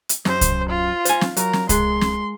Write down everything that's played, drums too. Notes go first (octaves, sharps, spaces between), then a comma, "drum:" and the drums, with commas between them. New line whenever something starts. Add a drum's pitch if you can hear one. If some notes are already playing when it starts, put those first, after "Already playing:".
drum: hi-hat
F#2 C5, drum: snare
drum: kick C2, hi-hat
F4
C5 G#5, drum: hi-hat
drum: snare
F#3 A#4, drum: hi-hat
drum: snare
G#3 C6, drum: kick C2, hi-hat
drum: snare